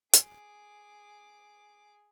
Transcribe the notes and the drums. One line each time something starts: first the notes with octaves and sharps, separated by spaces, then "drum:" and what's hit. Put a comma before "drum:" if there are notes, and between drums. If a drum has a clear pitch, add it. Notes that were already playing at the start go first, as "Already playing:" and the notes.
G#4 D6, drum: hi-hat